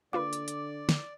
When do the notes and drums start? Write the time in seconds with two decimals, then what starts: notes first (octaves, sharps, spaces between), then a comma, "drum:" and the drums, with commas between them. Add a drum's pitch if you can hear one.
0.13 D3 A#3 F4 B4 D5 D6
0.33 drum: hi-hat
0.48 drum: hi-hat
0.89 drum: snare